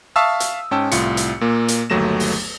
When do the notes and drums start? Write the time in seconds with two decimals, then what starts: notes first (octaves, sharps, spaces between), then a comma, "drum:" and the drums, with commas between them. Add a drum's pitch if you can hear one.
0.16 E5 F5 A5 C#6 D#6 E6
0.40 drum: hi-hat
0.71 G#2 C#4 G5 A5 E6
0.92 C2 A2 F4 C#7, drum: hi-hat
1.17 drum: hi-hat
1.41 A#2 A#3
1.68 drum: hi-hat
1.90 G1 D#2 F#3 A3 A#6 E7
2.20 drum: open hi-hat